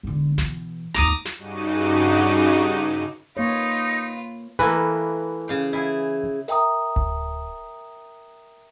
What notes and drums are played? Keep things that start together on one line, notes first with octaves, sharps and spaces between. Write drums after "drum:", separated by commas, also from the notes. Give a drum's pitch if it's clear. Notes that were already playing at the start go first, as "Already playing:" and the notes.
E1 D3
B2 E3, drum: snare
G#1 D#2 A#5 D6 D#6, drum: snare
drum: snare
G2 C#3 D#4 F#4 D6 D#7
A#3 D#4 F4 B4 C#5
drum: open hi-hat
E3 A3 A#3 A#4 B4, drum: hi-hat
C#3 F5 G5
E4 G#4
A#4 E5 G5 A#5 D#6, drum: hi-hat
drum: kick D1